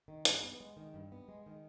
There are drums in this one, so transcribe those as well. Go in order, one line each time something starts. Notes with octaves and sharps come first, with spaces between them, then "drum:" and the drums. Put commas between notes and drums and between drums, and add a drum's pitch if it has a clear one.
D#3
G2, drum: hi-hat
B3
G#3
D#3
G2
B3
G#3
D#3